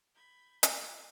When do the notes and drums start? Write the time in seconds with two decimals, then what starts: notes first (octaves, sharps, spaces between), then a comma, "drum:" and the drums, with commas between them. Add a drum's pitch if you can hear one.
0.14 B5 G6 G#6
0.63 F4 A5 D#6 E6, drum: hi-hat